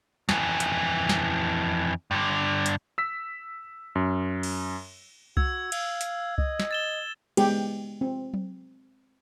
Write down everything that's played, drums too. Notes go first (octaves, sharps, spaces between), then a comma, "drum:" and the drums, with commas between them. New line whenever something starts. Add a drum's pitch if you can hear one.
F2 E3, drum: snare
drum: hi-hat
drum: snare
G2 D3
drum: hi-hat
E6 B6
F#2
drum: cymbal
F#4 E6 G#6, drum: kick C2
F5, drum: cymbal
drum: hi-hat
D#5, drum: kick C2
drum: snare
A6 E7 G7
G#3 B3 G4, drum: cymbal
C4
drum: tom F#3